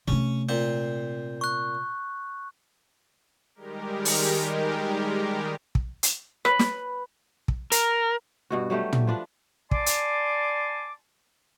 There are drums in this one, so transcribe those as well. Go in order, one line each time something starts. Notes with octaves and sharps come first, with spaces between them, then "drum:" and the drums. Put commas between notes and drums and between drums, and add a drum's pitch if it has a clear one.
C3 A3 C#4
A#2 C4 G6
C#6 F#6
D#3 G3 G#3 G4 A#4
drum: open hi-hat
drum: kick
drum: hi-hat
B4, drum: rim click
drum: snare
drum: kick
A#4, drum: hi-hat
G2 B2 F#4
F#3 G3 A3 G4
drum: tom
F3 D4 B4
D5 G#5 A5 C6 D6, drum: kick
drum: hi-hat